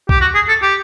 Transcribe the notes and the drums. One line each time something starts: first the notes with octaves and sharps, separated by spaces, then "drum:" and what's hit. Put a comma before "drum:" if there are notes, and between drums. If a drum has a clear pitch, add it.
G4, drum: kick C2
F#4
G#4
A4
G4